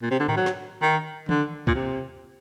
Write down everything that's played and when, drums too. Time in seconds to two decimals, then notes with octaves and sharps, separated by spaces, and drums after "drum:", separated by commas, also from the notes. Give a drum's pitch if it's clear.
0.02 A#2
0.10 C3
0.20 D3
0.28 D#3, drum: tom G#2
0.36 F#3
0.46 drum: snare
0.82 D#3
1.29 D3, drum: tom D#3
1.67 A#2, drum: kick
1.75 C3